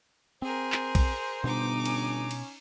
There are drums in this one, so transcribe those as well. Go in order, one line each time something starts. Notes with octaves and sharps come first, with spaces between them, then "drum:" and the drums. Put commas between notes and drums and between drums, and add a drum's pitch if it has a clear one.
C4 G#4 A#4 C5
drum: clap
drum: kick, cymbal
G1 B2 D#4 D6
C#4, drum: cymbal
drum: cymbal